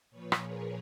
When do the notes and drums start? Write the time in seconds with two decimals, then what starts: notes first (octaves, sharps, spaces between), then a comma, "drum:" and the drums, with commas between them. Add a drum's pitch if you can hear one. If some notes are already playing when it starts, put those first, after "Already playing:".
0.11 A#2 F3 B4 C#5
0.32 drum: rim click
0.42 G#4 A#4